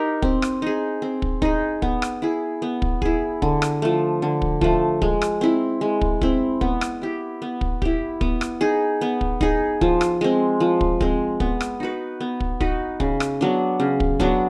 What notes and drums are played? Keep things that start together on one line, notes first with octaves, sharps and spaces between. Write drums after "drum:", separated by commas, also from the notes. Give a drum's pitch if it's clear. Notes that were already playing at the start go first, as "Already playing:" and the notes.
Already playing: D#4 G4 A#4
C4, drum: kick
drum: rim click
D#4 G#4
C4
drum: kick
D#4 G#4, drum: kick
B3, drum: kick
drum: rim click
E4 G#4
B3
drum: kick
E4 G#4, drum: kick
D3, drum: kick
drum: rim click
F3 A3
D3
drum: kick
F3 A3, drum: kick
G#3, drum: kick
drum: rim click
C4 E4
G#3
drum: kick
C4 E4, drum: kick
B3, drum: kick
drum: rim click
E4 G4
B3
drum: kick
E4 G4, drum: kick
B3, drum: kick
drum: rim click
D#4 G#4
B3
drum: kick
D#4 G#4, drum: kick
F3, drum: kick
drum: rim click
G#3 C4
F3
drum: kick
G#3 C4, drum: kick
B3, drum: kick
drum: rim click
D#4 F#4 B4
B3
drum: kick
D#4 F#4 B4, drum: kick
C#3, drum: kick
drum: rim click
F#3 B3 D4
C#3
drum: kick
F#3 B3 D4, drum: kick